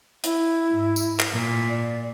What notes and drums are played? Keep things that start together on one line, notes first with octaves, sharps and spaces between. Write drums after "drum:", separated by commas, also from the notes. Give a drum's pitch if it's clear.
E4, drum: hi-hat
G#2
drum: tambourine
drum: clap
A#2
D5